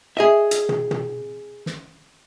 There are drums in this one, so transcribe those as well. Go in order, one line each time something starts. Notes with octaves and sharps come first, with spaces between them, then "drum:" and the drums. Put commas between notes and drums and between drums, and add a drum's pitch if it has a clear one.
G#4 D#5 E5
drum: hi-hat
drum: tom
drum: tom
drum: snare